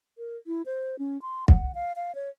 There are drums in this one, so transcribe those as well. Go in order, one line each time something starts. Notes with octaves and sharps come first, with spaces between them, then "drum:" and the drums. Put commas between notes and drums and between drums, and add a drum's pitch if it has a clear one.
A#4
E4
C5
C#4
C6
F#5, drum: kick
F5
F5
C#5